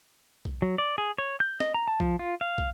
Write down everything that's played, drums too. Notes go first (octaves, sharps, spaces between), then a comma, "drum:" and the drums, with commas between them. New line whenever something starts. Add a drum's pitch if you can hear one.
drum: kick
F#3
D5
G#4
C#5
G6
D#5, drum: snare
A#5
A5
F3, drum: kick
F4
F5
drum: kick